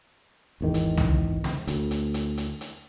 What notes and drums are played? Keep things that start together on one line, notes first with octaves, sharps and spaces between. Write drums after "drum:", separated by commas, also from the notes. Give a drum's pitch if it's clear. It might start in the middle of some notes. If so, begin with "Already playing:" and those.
G#1 E2 D#3
drum: hi-hat
drum: tom C2
drum: snare
D2, drum: hi-hat
drum: hi-hat
drum: hi-hat
drum: hi-hat
drum: hi-hat